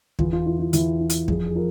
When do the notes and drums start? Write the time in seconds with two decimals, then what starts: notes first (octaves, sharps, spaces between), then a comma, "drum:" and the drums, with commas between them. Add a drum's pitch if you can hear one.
0.19 E2 F4, drum: kick
0.33 F4
0.46 E3 F4
0.59 F4
0.73 E2 E4, drum: hi-hat
1.00 E3
1.10 drum: hi-hat
1.28 F2 G#4, drum: kick
1.46 G#4
1.55 F3 A#4